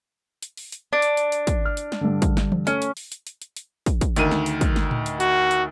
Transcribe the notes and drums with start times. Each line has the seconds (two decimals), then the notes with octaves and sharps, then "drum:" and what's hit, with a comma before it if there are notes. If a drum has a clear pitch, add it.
0.42 drum: hi-hat
0.57 drum: open hi-hat
0.72 drum: hi-hat
0.93 D4
1.02 drum: hi-hat
1.17 drum: hi-hat
1.32 drum: hi-hat
1.47 drum: kick, hi-hat
1.65 F6
1.77 drum: hi-hat
1.92 drum: snare
2.01 G2 D3
2.22 drum: kick, hi-hat
2.37 drum: snare
2.52 drum: tom E3
2.67 A3 C#4, drum: hi-hat
2.82 drum: hi-hat
2.97 drum: open hi-hat
3.12 drum: hi-hat
3.27 drum: hi-hat
3.42 drum: hi-hat
3.56 drum: hi-hat
3.86 drum: kick, hi-hat
4.01 drum: kick, hi-hat
4.16 D2 D#3 D#7, drum: hi-hat
4.31 drum: snare
4.46 drum: hi-hat
4.61 drum: kick, hi-hat
4.76 drum: snare
4.91 drum: tom A2
5.06 drum: hi-hat
5.20 F#4, drum: hi-hat
5.51 drum: hi-hat